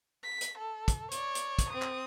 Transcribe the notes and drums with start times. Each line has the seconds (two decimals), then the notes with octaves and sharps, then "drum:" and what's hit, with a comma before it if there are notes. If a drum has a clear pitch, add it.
0.24 B6
0.41 drum: hi-hat
0.58 A4
0.88 drum: kick, hi-hat
1.11 C#5 D5, drum: hi-hat
1.35 drum: hi-hat
1.59 drum: kick, hi-hat
1.70 C4 D#6
1.82 drum: clap